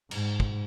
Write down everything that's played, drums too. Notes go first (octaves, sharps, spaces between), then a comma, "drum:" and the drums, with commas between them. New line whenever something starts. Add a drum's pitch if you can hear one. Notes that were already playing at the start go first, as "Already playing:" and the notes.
G#2, drum: cymbal
drum: kick